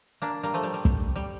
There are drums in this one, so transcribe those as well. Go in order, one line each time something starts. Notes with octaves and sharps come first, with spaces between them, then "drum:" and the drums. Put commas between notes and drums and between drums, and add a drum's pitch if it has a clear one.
A#3 D4
G3 A#3
F3 A3
G3
G3
drum: kick
G3